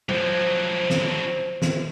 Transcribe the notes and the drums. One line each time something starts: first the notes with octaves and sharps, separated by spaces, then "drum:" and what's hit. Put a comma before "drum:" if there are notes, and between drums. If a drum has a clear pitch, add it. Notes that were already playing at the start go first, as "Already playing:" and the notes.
F3 F#3 C5, drum: tom G3
drum: snare
drum: snare